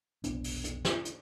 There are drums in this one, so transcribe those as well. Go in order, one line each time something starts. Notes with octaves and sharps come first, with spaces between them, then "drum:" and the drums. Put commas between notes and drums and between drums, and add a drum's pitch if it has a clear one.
F1 B1 B3 D4, drum: hi-hat
drum: open hi-hat
drum: hi-hat
drum: snare
drum: hi-hat